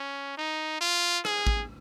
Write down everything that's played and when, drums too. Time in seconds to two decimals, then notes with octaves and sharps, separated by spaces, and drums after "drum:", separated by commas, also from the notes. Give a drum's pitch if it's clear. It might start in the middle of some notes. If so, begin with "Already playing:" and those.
Already playing: C#4
0.37 D#4
0.81 F4
1.25 G#4, drum: rim click
1.47 drum: kick